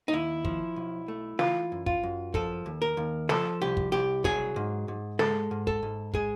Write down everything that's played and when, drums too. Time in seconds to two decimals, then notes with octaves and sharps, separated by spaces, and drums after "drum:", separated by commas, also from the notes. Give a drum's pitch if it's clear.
0.08 D#4
0.13 D#2 E4
0.45 F3, drum: kick
0.76 B1
1.08 A3
1.39 E3 F4, drum: snare
1.72 F#2
1.86 F4, drum: kick
2.03 F#2
2.34 F3 A4, drum: kick
2.66 D#2
2.82 A#4
2.97 D#2
3.29 F3 A4, drum: snare
3.61 C2 G4
3.77 drum: kick
3.92 C2 G4
4.24 F#3 G#4, drum: kick
4.56 G#2
4.88 G#2
5.19 G#3 A4, drum: snare
5.51 G#2
5.67 A4, drum: kick
5.83 G#2
6.14 G#3 G#4, drum: kick